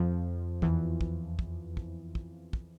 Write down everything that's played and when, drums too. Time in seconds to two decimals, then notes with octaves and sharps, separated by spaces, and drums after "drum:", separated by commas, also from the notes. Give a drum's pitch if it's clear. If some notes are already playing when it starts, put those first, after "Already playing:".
Already playing: F2 F3
0.62 E2 E3, drum: kick
1.01 drum: kick
1.39 drum: kick
1.77 drum: kick
2.15 drum: kick
2.53 drum: kick